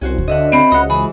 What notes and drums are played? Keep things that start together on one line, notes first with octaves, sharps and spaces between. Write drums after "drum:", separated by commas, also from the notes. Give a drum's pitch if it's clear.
C2 C#4 F#4 C5
drum: kick D2
D3 D#5 E5 F#5
C4 B5
C#2 D#5 F#5, drum: hi-hat
E3 G#4 B5